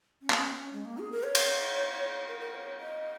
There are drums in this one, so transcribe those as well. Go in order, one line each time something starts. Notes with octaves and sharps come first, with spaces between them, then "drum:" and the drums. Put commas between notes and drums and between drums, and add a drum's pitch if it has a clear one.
C#4
A#3, drum: clap
C#4
G#3
A#3
G#4
A#4
C#5
drum: cymbal
A#4
A#4
C#5
D#5